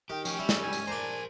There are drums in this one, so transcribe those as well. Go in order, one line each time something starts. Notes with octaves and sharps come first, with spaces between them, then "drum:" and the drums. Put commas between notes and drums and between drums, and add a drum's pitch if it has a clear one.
D#3 G4
F3 C#4 G4, drum: tambourine
G3 E4
drum: snare
G#5
drum: tambourine
D4 A#4 C5 D5 A#5